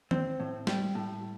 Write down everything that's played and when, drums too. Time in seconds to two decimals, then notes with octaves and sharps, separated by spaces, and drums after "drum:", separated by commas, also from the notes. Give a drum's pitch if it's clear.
0.11 C4, drum: tom D#3
0.40 A2
0.67 G3, drum: snare
0.95 A2